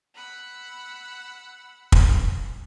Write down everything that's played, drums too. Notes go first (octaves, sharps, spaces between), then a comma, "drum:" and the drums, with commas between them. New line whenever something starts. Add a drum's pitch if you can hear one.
F#5 B5 E6
drum: kick